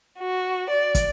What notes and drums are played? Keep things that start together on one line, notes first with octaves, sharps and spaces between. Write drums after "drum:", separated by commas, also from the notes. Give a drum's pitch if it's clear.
F#4
D5
drum: kick, hi-hat